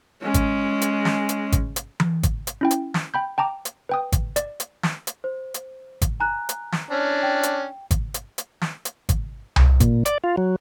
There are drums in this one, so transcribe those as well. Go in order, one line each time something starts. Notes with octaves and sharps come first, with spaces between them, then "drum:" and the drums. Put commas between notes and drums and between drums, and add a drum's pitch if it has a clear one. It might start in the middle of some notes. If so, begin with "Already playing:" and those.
G#3 C#4
drum: kick G#1, hi-hat
drum: hi-hat
drum: snare
drum: hi-hat
drum: kick G#1, hi-hat
drum: hi-hat
drum: tom E3
drum: kick G#1, hi-hat
drum: hi-hat
C#4 E4 G5
drum: hi-hat
drum: snare
G5 B5 G6
G5 A5 A#5 D6
drum: hi-hat
B4 G5 D#6
drum: kick G#1, hi-hat
D5, drum: hi-hat
drum: hi-hat
drum: snare
drum: hi-hat
C5
drum: hi-hat
drum: kick G#1, hi-hat
G#5 A#5 F#6
drum: hi-hat
drum: snare
C#4 D4
G5
drum: hi-hat
drum: kick G#1, hi-hat
drum: hi-hat
drum: hi-hat
drum: snare
drum: hi-hat
drum: kick G#1, hi-hat
drum: tom C2
A#2, drum: kick G#1, hi-hat
D5, drum: hi-hat
F4
F#3